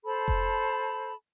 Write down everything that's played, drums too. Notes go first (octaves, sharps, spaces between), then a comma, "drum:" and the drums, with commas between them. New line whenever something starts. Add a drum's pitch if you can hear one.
A4 C5 A5 B5
drum: kick F1